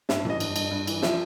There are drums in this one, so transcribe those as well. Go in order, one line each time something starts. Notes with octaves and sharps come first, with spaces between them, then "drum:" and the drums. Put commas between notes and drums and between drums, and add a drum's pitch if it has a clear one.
G2 E5, drum: snare
E3 D#5, drum: tom F#2
G2, drum: cymbal
G2, drum: cymbal
G2
E3, drum: cymbal
F3 E5, drum: snare